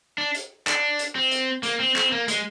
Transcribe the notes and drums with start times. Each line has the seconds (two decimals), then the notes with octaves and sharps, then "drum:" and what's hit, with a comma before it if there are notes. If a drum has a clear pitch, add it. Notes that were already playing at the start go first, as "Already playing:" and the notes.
0.18 D4
0.35 drum: hi-hat
0.67 D4, drum: clap
0.99 drum: hi-hat
1.15 C4
1.31 drum: hi-hat
1.63 A#3, drum: hi-hat
1.80 C4
1.96 C4, drum: clap
2.12 A#3
2.28 G#3, drum: hi-hat